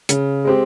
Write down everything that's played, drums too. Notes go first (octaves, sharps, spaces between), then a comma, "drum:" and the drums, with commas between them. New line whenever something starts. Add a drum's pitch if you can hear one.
C#3, drum: hi-hat
G#3 C4 G4